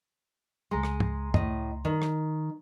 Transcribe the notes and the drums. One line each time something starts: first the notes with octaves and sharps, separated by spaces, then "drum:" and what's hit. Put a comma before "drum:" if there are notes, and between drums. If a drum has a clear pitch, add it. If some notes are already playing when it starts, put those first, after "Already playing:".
C#2 G#3 A#5 C6
drum: rim click
drum: tom
A2 D#5, drum: tom F#2
D#3
drum: rim click